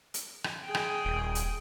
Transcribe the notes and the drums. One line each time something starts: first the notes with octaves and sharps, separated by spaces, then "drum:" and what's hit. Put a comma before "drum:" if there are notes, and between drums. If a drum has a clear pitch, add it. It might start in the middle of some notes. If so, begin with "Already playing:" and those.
drum: hi-hat
drum: rim click
G#4 G5
drum: rim click
D#1
drum: hi-hat